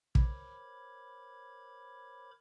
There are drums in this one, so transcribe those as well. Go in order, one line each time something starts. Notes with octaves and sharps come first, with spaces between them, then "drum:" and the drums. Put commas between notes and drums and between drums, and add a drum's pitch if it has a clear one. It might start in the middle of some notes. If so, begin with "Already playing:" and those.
A#4 C5 C#5 B5 D6 G#6, drum: kick